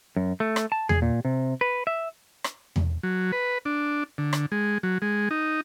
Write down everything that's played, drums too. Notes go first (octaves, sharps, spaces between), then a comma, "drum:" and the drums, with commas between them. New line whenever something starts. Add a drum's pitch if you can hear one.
F#2
A3
drum: rim click
A5
G#4, drum: tom E2
A#2
C3
B4
E5
drum: rim click
drum: tom E2
F#3
B4
D4
D3
drum: rim click
G#3
F#3
G#3
D#4